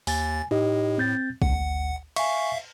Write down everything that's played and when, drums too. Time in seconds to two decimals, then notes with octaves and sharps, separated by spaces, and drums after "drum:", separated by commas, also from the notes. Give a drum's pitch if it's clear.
0.07 D#2 G#5 A6, drum: open hi-hat
0.51 A2 D#4 G4 D#5
0.98 C4 G6 A6
1.42 G#1 D2 F#5, drum: kick B1
2.16 E5 F5 G#5 C#6, drum: cymbal